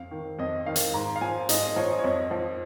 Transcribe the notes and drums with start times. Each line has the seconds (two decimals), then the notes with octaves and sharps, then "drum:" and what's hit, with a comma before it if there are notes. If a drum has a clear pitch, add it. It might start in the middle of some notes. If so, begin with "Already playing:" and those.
Already playing: F2 F5
0.11 D#3
0.39 F2 D#5
0.66 D#3 F5
0.76 drum: hi-hat
0.94 G#2 A#5
1.16 F5
1.21 F3 G#5
1.49 G#2 D#5, drum: hi-hat
1.62 D#5
1.76 F3 C#5
1.90 D#5
1.99 C#5
2.04 F2 D#5
2.31 F3